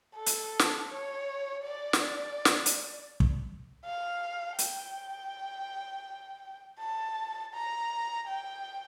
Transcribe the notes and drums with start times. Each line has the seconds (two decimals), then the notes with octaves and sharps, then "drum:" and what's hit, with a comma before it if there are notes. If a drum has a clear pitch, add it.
0.16 A4
0.26 drum: hi-hat
0.59 drum: snare
0.90 C#5
1.64 D5
1.93 drum: snare
2.45 drum: snare
2.66 drum: hi-hat
3.20 drum: kick
3.85 F5
4.59 G5, drum: hi-hat
6.79 A5
7.54 A#5
8.28 G5